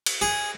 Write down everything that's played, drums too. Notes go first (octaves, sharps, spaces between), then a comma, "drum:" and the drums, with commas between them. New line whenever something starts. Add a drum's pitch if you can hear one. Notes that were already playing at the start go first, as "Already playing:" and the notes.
drum: cymbal
G#4